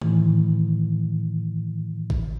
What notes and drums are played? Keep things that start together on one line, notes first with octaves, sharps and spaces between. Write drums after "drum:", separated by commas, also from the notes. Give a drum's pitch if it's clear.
A2 D#3 E3, drum: tom A2
drum: kick